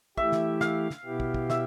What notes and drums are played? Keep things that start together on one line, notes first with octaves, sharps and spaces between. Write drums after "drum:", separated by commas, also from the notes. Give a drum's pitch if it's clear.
E3 A3 E4 G4 E5, drum: kick
drum: snare
F5, drum: snare
drum: snare
B2 B3 E4 G4
drum: kick
drum: kick
E5, drum: snare